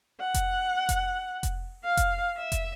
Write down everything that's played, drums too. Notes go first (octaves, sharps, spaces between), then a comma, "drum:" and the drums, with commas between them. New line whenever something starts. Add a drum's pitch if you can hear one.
F#5
drum: kick F1, hi-hat
drum: kick F1, hi-hat
drum: kick F1, hi-hat
F5
drum: kick F1, hi-hat
E5
drum: kick F1, hi-hat